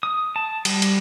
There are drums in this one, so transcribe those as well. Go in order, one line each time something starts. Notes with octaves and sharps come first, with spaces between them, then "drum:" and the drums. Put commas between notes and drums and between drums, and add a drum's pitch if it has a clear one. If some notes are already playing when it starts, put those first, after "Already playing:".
D#6
A5
G3, drum: cymbal
drum: cymbal